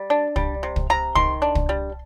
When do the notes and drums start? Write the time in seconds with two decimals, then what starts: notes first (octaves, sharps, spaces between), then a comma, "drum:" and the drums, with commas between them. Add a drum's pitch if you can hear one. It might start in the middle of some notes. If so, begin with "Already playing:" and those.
Already playing: G3
0.10 D4
0.36 G3, drum: kick
0.63 C3
0.76 drum: kick
0.90 C3 A#5
1.15 D#3 C6, drum: kick
1.42 D4
1.55 drum: kick
1.69 G3